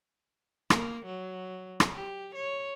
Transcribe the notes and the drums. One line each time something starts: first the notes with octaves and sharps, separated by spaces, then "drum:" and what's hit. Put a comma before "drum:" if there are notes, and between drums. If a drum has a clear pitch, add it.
A#3, drum: rim click
F#3
drum: rim click
G4
C#5